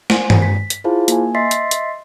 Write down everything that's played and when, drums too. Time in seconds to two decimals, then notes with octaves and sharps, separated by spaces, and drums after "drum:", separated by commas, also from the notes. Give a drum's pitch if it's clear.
0.10 C5 G#5, drum: snare
0.30 drum: tom G2
0.42 B6
0.70 drum: hi-hat
0.84 E4 F4 G#4 C5 F5 A5
1.08 A#3 G#5, drum: hi-hat
1.35 D#5 E5 C6 A6 B6 C7
1.51 drum: hi-hat
1.71 drum: hi-hat